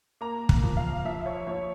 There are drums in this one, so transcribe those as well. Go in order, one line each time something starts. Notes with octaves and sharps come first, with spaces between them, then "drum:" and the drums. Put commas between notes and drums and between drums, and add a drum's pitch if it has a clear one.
A#3 A#5
drum: kick
F3
F5
F3 E5
C#5
F3 C#5